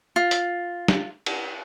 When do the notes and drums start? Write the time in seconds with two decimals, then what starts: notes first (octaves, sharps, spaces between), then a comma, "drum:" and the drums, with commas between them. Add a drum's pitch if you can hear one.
0.16 F4
0.31 drum: hi-hat
0.88 drum: snare
1.26 drum: cymbal